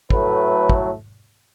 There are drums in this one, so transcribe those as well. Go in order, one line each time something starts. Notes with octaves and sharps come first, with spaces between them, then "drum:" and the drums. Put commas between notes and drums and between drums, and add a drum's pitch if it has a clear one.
A2 F#3 A3 B4, drum: kick
drum: kick